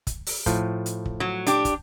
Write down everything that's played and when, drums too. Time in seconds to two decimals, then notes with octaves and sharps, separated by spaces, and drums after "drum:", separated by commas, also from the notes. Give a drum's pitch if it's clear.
0.07 drum: kick, hi-hat
0.26 drum: open hi-hat
0.46 A2 F3 A3, drum: kick, hi-hat
0.86 drum: hi-hat
1.06 drum: kick
1.20 F#3
1.46 D4 G4, drum: hi-hat
1.65 drum: kick, hi-hat